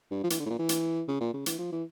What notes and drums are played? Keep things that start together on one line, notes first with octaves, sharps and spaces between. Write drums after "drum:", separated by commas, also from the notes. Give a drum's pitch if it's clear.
G2
F3
E3, drum: hi-hat
D3
A2
A#2
E3
drum: hi-hat
C#3
A#2
C#3
E3, drum: hi-hat
F3
E3